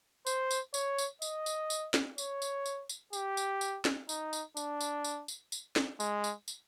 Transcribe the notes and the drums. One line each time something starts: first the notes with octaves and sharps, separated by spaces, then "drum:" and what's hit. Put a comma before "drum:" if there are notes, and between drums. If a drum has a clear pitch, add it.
C5, drum: tambourine
drum: tambourine
C#5, drum: tambourine
drum: tambourine
D#5, drum: tambourine
drum: tambourine
drum: tambourine
drum: snare
C#5, drum: tambourine
drum: tambourine
drum: tambourine
drum: tambourine
G4, drum: tambourine
drum: tambourine
drum: tambourine
drum: snare
D#4, drum: tambourine
drum: tambourine
D4, drum: tambourine
drum: tambourine
drum: tambourine
drum: tambourine
drum: tambourine
drum: snare
G#3, drum: tambourine
drum: tambourine
drum: tambourine